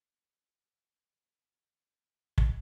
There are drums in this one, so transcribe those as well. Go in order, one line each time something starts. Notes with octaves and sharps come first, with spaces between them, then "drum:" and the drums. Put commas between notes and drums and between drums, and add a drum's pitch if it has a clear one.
C3 D#3 C4
drum: kick